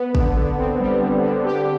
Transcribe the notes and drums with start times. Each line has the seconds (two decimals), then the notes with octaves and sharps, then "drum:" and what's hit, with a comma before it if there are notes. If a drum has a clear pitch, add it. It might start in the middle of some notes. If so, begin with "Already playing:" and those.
Already playing: B3
0.15 D3, drum: kick
0.35 D3
0.58 C4
0.80 G3
1.00 D3
1.23 D3
1.45 G4